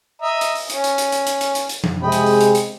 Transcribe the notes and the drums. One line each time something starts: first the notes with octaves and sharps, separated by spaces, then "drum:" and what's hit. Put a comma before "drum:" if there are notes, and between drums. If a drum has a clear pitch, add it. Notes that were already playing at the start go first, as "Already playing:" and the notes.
D#5 E5 A#5
drum: hi-hat
drum: open hi-hat
C#4, drum: hi-hat
drum: hi-hat
drum: hi-hat
drum: hi-hat
drum: hi-hat
drum: hi-hat
drum: hi-hat
drum: hi-hat
drum: tom F3
C3 G#3 D#5 G5 B5
drum: hi-hat
drum: open hi-hat
drum: hi-hat
drum: hi-hat